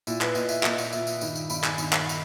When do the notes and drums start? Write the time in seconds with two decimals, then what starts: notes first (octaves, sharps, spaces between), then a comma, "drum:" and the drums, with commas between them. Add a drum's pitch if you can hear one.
0.07 A#2 E4, drum: tambourine
0.21 B4, drum: clap
0.35 A#2 D#5, drum: tambourine
0.49 E5, drum: tambourine
0.63 A#2 D#5, drum: clap
0.78 drum: tambourine
0.93 A#2 E5, drum: tambourine
1.07 drum: tambourine
1.21 G2 D#3, drum: tambourine
1.35 drum: tambourine
1.50 G2 D#3 B5, drum: tambourine
1.64 G#5, drum: clap
1.78 G2 D#3 B5, drum: tambourine
1.93 drum: clap
2.09 D#3, drum: tambourine